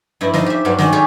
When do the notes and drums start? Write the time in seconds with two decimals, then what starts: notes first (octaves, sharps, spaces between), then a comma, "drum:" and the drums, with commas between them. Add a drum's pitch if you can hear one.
0.21 G2 F3 E4
0.34 F3 D#4 D#5 F5 C6, drum: snare
0.46 G4 E5
0.65 G2 F#3 D4 F5
0.79 D#3 F#3 C#4 D5 C6, drum: snare
0.92 G3 F4 G4 G#4 C#5 D5